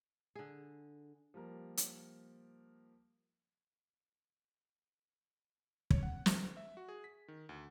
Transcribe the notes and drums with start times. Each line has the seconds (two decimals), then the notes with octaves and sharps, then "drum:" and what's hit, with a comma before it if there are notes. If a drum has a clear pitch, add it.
0.35 D3 G#4
1.34 F3 G3 A#3 A#4
1.77 drum: hi-hat
5.90 C#5, drum: kick
6.03 F#5
6.26 D3, drum: snare
6.57 E5
6.77 F#4
6.89 G#4
7.04 B6
7.28 D#3
7.49 D2